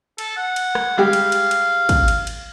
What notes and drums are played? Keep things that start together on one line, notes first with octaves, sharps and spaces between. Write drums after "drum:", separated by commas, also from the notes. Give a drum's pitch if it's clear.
A4, drum: cymbal
F#5
drum: cymbal
drum: rim click
G3 G#3 G4 F5
drum: cymbal
drum: cymbal
drum: cymbal
drum: kick, cymbal
drum: cymbal
drum: cymbal